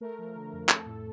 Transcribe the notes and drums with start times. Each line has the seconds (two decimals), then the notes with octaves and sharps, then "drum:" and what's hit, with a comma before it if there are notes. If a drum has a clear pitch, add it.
0.01 A3 A#4
0.19 F3
0.36 D3
0.53 F2
0.69 A3 A4, drum: clap
0.86 A2